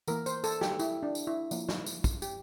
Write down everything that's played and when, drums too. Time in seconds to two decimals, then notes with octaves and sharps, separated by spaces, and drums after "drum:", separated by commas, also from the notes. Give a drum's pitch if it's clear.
0.08 E3 A#3 A#4, drum: tambourine
0.26 C5, drum: tambourine
0.44 A4, drum: tambourine
0.61 G4, drum: snare
0.79 E4, drum: tambourine
1.03 D4
1.15 drum: tambourine
1.27 E4
1.51 F3 A#3, drum: tambourine
1.69 drum: snare
1.86 drum: tambourine
2.04 drum: kick, tambourine
2.22 G4, drum: tambourine